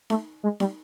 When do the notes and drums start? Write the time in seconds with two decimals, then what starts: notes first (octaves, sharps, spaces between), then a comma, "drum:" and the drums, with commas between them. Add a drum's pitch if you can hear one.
0.10 A3, drum: snare D#4
0.43 G#3
0.60 G3, drum: snare D#4